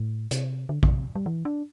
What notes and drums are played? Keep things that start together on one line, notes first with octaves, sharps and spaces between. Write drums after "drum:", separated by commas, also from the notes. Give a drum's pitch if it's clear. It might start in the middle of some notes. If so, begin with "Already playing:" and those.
Already playing: A2
C3, drum: hi-hat
D3
D3, drum: kick A#1
C3
G3
E3
D4